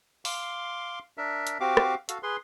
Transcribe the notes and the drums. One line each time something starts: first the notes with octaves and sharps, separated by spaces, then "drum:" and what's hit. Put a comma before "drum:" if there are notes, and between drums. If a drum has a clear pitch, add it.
F5 C6 D6, drum: open hi-hat
D4 A#4 E5
drum: hi-hat
C4 F#4 G4 F5 D6
drum: rim click
F#4 A4 F5, drum: hi-hat
G#4 B4 C6